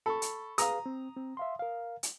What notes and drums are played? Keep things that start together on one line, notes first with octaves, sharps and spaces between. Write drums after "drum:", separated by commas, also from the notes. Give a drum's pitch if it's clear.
A4 B5 C#6
drum: hi-hat
G#4 B4 F5 A#5 D#6, drum: hi-hat
C4
C4
E5 F5 C6
A#4 F5
drum: hi-hat